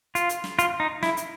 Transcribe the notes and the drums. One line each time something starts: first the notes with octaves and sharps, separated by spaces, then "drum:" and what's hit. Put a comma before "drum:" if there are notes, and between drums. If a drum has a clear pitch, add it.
F4, drum: hi-hat
drum: hi-hat
drum: snare
F4, drum: hi-hat
D#4
E4, drum: snare
drum: hi-hat